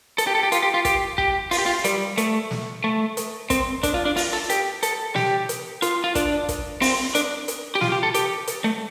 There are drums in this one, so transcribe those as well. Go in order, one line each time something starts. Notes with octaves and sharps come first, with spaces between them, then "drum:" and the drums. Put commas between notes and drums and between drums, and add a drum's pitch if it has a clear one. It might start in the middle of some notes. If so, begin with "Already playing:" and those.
A4, drum: hi-hat
G4
A4
G4
F4, drum: hi-hat
G4
F4
G4, drum: kick, hi-hat
G4, drum: kick
F4, drum: open hi-hat
G4
F4
G3, drum: hi-hat
A3, drum: hi-hat
drum: snare
A3
drum: hi-hat
C4, drum: kick, hi-hat
D4, drum: kick, hi-hat
F4
D4
F4, drum: open hi-hat
A4
G4, drum: hi-hat
A4, drum: hi-hat
G4, drum: snare
drum: hi-hat
F4, drum: hi-hat
F4
D4, drum: kick, hi-hat
drum: kick, hi-hat
C4, drum: open hi-hat
D4, drum: hi-hat
drum: hi-hat
G4
F4, drum: snare
G4
A4
G4, drum: hi-hat
drum: hi-hat
A3